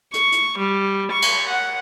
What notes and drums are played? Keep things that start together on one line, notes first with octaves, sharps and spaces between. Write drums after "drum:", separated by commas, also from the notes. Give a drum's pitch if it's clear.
C#6, drum: hi-hat
drum: hi-hat
G3
C#6
drum: cymbal
F#5